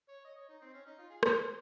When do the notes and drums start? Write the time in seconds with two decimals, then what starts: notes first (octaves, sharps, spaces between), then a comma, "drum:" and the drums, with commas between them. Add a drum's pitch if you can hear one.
0.08 C#5
0.25 D#5
0.37 C#5
0.49 D#4
0.61 C4
0.73 C#4
0.86 D#4
0.98 F4
1.10 G#4
1.23 A#4, drum: rim click
1.39 C5